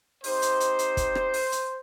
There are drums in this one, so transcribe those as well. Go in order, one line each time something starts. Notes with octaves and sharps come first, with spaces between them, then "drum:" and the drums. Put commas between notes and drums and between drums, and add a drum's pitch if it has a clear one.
C4 D#4 G4 C5, drum: open hi-hat
drum: hi-hat
drum: hi-hat
drum: hi-hat
drum: kick, hi-hat
drum: rim click
drum: open hi-hat
drum: hi-hat